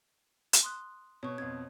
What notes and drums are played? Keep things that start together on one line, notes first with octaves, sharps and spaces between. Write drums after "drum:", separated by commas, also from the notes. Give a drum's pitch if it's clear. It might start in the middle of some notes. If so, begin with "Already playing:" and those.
drum: hi-hat
C6 D#6 F#6
B2 C#5 C#6
F2 B2 G#6